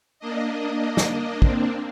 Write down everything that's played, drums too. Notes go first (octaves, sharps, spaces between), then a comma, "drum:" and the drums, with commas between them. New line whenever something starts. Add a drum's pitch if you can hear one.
A#3 D4 D#5
drum: snare
A#3 C4 D4, drum: kick